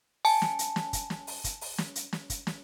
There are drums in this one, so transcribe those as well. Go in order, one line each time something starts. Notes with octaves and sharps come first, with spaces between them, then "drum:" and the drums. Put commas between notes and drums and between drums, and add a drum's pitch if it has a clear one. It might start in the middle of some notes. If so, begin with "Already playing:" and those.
G#5 A5, drum: open hi-hat
drum: snare
drum: hi-hat
drum: snare
drum: kick, hi-hat
drum: snare
drum: open hi-hat
drum: kick, hi-hat
drum: open hi-hat
drum: snare
drum: hi-hat
drum: snare
drum: kick, hi-hat
drum: snare